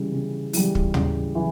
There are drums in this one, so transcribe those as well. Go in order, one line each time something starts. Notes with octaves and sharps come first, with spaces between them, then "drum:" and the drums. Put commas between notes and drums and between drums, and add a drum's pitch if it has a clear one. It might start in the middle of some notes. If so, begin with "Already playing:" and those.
Already playing: C#3 E3 G3
C#3
E3 G3, drum: open hi-hat
drum: kick
C#3, drum: tom
E3